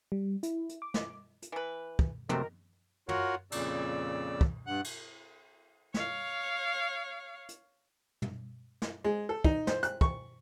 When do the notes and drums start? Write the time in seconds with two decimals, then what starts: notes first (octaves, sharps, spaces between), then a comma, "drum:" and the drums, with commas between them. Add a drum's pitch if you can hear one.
0.12 G3
0.43 E4, drum: hi-hat
0.69 drum: hi-hat
0.82 D6
0.94 drum: snare
1.42 drum: hi-hat
1.52 E3 B4
1.99 drum: kick
2.29 C3 D#3 F#3 A3 B3 C4 A#4, drum: tom
3.09 F4 F#4 A#4 C#5 F#5, drum: tom
3.52 F2 A#2 C#3 D5 E6, drum: cymbal
4.41 drum: kick
4.67 G2 F#5 F#6
4.84 drum: cymbal
5.94 C#5 F5, drum: snare
7.49 drum: hi-hat
8.22 drum: tom
8.82 drum: snare
9.04 G#3
9.29 A4
9.44 D#4, drum: kick
9.67 C5, drum: snare
9.83 F#6, drum: hi-hat
10.01 C#6, drum: kick